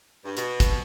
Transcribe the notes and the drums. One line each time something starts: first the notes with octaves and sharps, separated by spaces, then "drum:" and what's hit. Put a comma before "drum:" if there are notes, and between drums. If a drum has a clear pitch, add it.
G2
B2, drum: hi-hat
drum: kick, hi-hat